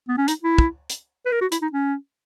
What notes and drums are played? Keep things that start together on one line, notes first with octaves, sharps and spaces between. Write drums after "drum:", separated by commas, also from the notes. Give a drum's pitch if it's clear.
B3
C#4
D#4, drum: hi-hat
E4
drum: kick
drum: hi-hat
B4
A#4
F#4
E4, drum: hi-hat
D#4
C#4